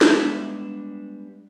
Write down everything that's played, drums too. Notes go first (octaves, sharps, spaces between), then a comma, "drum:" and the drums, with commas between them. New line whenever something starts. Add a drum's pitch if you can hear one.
G3 G#3 B3 D4 B4 E5, drum: snare